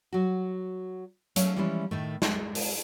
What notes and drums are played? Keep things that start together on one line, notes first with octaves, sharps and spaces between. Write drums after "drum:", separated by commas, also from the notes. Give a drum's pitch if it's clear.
F#3 F#4
F#3 A3 C#4 E4 C#5 F5, drum: hi-hat
E3 F3 G3 G#3 C#4 E4
A2 D#3 A3
G#3, drum: snare
drum: open hi-hat